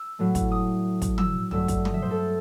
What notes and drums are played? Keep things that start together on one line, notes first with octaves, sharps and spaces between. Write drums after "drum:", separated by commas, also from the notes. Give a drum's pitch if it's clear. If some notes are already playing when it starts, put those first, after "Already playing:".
Already playing: E6
A2 F#3 A3
drum: kick, hi-hat
D#6
drum: kick, hi-hat
E6, drum: tom
G2 F#3 A3 E6, drum: tom
drum: kick, hi-hat
D#6, drum: tom
E5
C5
A4